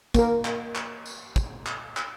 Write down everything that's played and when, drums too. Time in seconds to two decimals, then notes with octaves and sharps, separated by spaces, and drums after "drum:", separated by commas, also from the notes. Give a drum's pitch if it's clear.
0.14 A#3 A#4, drum: kick, tambourine
0.45 drum: clap
0.75 drum: clap
1.06 drum: tambourine
1.36 drum: kick, tambourine
1.66 drum: clap
1.97 drum: clap